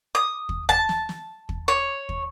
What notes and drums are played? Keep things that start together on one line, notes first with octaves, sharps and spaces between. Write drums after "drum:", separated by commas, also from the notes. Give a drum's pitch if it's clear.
D#6
drum: kick
A5, drum: kick
drum: snare
drum: snare
drum: kick
C#5
drum: kick